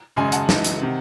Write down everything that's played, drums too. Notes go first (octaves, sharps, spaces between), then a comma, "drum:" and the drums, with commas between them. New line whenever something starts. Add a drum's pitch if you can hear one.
G#1 F#2 C#3 G#3 G#5 C6
F#5 A5, drum: hi-hat
F#2 E3 G#3, drum: snare
drum: hi-hat
C3 D#3